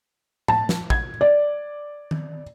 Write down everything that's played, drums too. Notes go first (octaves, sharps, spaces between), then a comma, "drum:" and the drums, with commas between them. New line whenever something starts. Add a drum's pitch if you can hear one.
A5, drum: tom A2
drum: snare
G#6, drum: kick
D5
drum: tom